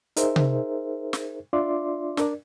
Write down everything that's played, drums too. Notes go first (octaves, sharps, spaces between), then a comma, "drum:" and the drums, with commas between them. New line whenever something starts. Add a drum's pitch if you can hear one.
D#4 G#4 A#4 C5 E5, drum: hi-hat
drum: tom C3
drum: snare
D4 F4 D5 E5 C6 D6
D4 A#4 D5, drum: snare